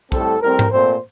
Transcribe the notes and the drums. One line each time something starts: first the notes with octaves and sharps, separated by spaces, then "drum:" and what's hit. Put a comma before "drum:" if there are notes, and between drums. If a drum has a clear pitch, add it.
A2 G3 C4 A4, drum: kick
A2 G3 C4 A#4
drum: tom G#2
A#2 A3 C4 C5